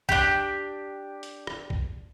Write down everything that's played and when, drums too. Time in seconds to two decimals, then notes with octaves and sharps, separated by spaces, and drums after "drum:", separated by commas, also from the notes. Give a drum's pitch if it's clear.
0.09 D4 G4, drum: kick
1.23 drum: hi-hat
1.47 drum: rim click
1.70 drum: kick